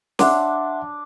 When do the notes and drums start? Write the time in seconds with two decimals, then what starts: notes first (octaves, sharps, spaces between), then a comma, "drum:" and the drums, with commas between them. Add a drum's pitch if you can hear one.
0.19 D4 E5 F#5 C6, drum: snare